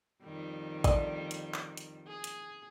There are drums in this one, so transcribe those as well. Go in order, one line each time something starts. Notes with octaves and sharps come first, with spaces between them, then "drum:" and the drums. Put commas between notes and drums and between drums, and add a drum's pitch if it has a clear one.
F2 D#3 G3
D3 D#5, drum: kick, hi-hat
drum: hi-hat
drum: clap
drum: hi-hat
G#4
drum: hi-hat